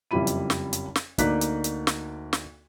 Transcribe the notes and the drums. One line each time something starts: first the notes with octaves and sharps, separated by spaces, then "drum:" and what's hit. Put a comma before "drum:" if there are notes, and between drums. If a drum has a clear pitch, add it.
F#1 F2 G3 E4 B5 D#7
drum: hi-hat
drum: snare
drum: hi-hat
drum: snare
D2 A#3 D#4 D5 F#6 B6, drum: kick, hi-hat
drum: hi-hat
drum: hi-hat
drum: snare
drum: snare